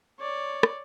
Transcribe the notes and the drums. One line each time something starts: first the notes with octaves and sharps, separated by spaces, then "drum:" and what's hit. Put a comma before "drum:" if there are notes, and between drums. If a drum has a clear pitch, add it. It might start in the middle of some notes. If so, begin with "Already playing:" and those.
C#5 D5
drum: rim click